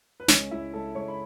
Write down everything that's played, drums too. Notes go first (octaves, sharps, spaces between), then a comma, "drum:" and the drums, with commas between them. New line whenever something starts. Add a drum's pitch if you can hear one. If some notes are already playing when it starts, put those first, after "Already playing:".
B4
C#2 C#4 C#5, drum: snare
C#2 E4 E5
C#2 A4 A5
C#2 C#5 C#6
B5